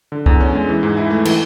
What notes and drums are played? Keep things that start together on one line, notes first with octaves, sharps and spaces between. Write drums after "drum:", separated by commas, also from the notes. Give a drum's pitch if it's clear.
D3
E2, drum: kick
C#4
G#3
E3
G#2
E4
A3
E3, drum: cymbal